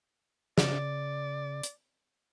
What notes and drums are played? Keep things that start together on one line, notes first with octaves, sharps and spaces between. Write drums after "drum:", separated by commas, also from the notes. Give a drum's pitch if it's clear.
C#3 D5, drum: snare
drum: hi-hat